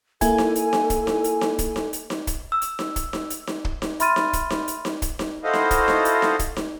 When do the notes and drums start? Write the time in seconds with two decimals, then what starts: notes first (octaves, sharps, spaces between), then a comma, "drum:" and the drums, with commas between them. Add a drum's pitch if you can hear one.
0.21 A#3 E4 A4 G#5, drum: kick, hi-hat
0.38 drum: snare D#4
0.55 drum: hi-hat
0.73 drum: snare D#4
0.90 drum: kick, hi-hat
1.07 drum: snare D#4
1.24 drum: hi-hat
1.41 drum: snare D#4
1.59 drum: kick, hi-hat
1.76 drum: snare D#4
1.93 drum: hi-hat
2.10 drum: snare D#4
2.27 drum: kick, hi-hat
2.52 E6
2.62 drum: hi-hat
2.79 drum: snare D#4
2.96 drum: kick, hi-hat
3.13 drum: snare D#4
3.30 drum: hi-hat
3.47 drum: snare D#4
3.65 drum: kick
3.82 drum: snare D#4
4.00 E5 B5 C6 F6 A6 D#7, drum: hi-hat
4.16 drum: snare D#4
4.33 drum: kick, hi-hat
4.50 drum: snare D#4
4.68 drum: hi-hat
4.85 drum: snare D#4
5.02 drum: kick, hi-hat
5.19 drum: snare D#4
5.44 E4 F#4 A4 C5 D#5 F5
5.53 drum: snare D#4
5.71 drum: kick, hi-hat
5.88 drum: snare D#4
6.05 drum: hi-hat
6.22 drum: snare D#4
6.39 drum: kick, hi-hat
6.57 drum: snare D#4